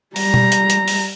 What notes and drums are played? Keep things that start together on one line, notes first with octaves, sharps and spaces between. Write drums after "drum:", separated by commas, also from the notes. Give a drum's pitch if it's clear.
G3 A#5, drum: open hi-hat
drum: tom B2
drum: hi-hat
drum: hi-hat
drum: open hi-hat